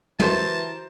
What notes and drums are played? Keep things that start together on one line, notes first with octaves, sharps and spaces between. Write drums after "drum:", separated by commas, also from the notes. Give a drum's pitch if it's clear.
E3 F#4 G4 A#4 C5 E5 A5, drum: tom